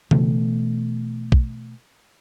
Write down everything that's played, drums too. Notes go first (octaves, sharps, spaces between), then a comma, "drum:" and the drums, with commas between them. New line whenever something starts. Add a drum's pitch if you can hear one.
B2 E3 A3, drum: tom C#3
drum: kick